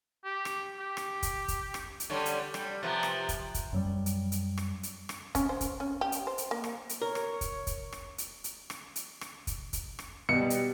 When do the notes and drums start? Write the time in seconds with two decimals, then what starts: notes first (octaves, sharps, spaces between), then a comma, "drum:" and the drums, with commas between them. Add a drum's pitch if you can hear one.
0.24 G4
0.45 drum: rim click
0.79 G4
0.97 drum: rim click
1.23 drum: kick, hi-hat
1.48 drum: kick, hi-hat
1.74 drum: rim click
2.00 drum: hi-hat
2.10 D3 G3 C#4
2.26 drum: hi-hat
2.54 G3, drum: rim click
2.83 C3 F3 B3
3.03 drum: rim click
3.29 drum: kick, hi-hat
3.54 drum: kick, hi-hat
3.73 F#2 F#3 G3
4.06 drum: hi-hat
4.32 drum: hi-hat
4.58 drum: rim click
4.83 drum: hi-hat
5.09 drum: rim click
5.35 C#4, drum: kick, hi-hat
5.49 C5
5.61 drum: kick, hi-hat
5.80 C#4
6.01 G4
6.12 drum: hi-hat
6.27 C5
6.38 drum: hi-hat
6.51 A#3
6.64 drum: rim click
6.89 drum: hi-hat
7.02 A#4 C#5
7.15 drum: rim click
7.41 drum: kick, hi-hat
7.67 drum: kick, hi-hat
7.92 drum: rim click
8.18 drum: hi-hat
8.44 drum: hi-hat
8.70 drum: rim click
8.96 drum: hi-hat
9.21 drum: rim click
9.47 drum: kick, hi-hat
9.73 drum: kick, hi-hat
9.99 drum: rim click
10.29 B2 G3 C#7
10.50 drum: hi-hat